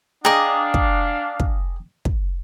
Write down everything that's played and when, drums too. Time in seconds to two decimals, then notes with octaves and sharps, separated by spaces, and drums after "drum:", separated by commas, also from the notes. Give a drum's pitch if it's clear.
0.25 D4 G#4 D#5 F5 G5 A#5 D6
0.74 drum: kick
1.40 drum: kick
2.05 drum: kick